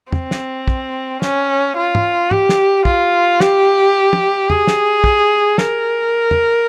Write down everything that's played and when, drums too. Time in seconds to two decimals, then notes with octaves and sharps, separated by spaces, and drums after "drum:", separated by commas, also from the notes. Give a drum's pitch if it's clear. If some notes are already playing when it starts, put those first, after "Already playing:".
0.12 C4, drum: tom
0.31 drum: snare
0.68 drum: kick
1.22 C#4, drum: snare
1.77 F4
1.95 drum: tom
2.31 G4, drum: tom
2.49 drum: snare
2.85 F4, drum: kick
3.40 G4, drum: snare
4.13 drum: tom
4.50 G#4, drum: tom
4.67 drum: snare
5.04 drum: kick
5.58 A#4, drum: snare
6.31 drum: tom